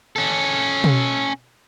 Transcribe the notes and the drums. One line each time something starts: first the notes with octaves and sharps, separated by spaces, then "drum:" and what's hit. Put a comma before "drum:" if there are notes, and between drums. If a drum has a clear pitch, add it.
C#4 A4
drum: tom B2